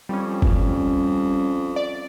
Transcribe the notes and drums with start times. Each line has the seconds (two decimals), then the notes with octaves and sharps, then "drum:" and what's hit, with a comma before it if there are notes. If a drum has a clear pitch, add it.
0.09 F2 G3 C#4
0.42 drum: kick F#1
1.76 D5